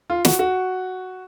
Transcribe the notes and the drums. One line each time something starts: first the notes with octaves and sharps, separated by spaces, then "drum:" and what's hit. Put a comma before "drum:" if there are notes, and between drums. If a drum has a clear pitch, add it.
F4
F#4, drum: snare
F#4